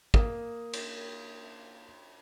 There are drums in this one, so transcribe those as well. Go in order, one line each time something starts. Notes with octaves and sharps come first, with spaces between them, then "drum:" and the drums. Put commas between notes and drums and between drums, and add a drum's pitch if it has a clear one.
A#3 D#6, drum: kick
drum: cymbal